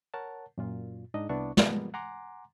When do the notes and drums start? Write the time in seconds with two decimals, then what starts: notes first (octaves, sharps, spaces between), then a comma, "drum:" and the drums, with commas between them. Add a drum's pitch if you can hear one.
0.14 A#4 C#5 F#5 A5
0.58 F#2 A#2 F4
1.14 G#2 D4 D#4 D#5
1.29 C2 B3 D4 E4 C#6
1.57 F3 G3 G#3 A#3 B3 F4, drum: snare
1.94 F#5 G#5 A#5 C6 D6